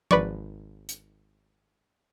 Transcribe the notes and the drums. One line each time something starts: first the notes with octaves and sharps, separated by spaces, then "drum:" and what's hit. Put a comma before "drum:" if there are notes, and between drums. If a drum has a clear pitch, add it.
G#1 B4 D5 C#6, drum: tom F3
drum: hi-hat